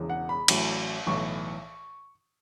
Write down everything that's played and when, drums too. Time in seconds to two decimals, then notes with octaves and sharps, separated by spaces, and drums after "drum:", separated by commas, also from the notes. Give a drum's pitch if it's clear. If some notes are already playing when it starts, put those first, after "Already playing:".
Already playing: E1 E2 C#3
0.09 F#5
0.29 B5
0.48 A1 A2 F#3, drum: cymbal
1.07 B1 A2 E3 C#6